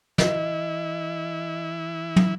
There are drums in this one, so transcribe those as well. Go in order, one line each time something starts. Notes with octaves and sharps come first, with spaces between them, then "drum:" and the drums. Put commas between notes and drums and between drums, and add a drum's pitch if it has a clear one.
E3 E4 D#5, drum: snare
drum: tom